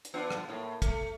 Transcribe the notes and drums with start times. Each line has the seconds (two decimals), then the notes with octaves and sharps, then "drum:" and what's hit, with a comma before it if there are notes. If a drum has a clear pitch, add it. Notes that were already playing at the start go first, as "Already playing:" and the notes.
0.05 drum: hi-hat
0.14 B3 D4 F4
0.30 drum: rim click
0.49 A2 A#3
0.82 A3, drum: kick, hi-hat